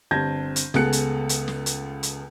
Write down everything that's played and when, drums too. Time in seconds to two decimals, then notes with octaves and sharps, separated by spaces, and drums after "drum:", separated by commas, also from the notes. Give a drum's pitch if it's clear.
0.11 G1 C4 A5 G6 G#6 A#6
0.56 drum: hi-hat
0.74 C#2 B3 G#4 A4 F#6 C#7, drum: snare
0.93 drum: hi-hat
1.29 drum: hi-hat
1.48 drum: snare
1.66 drum: hi-hat
2.03 drum: hi-hat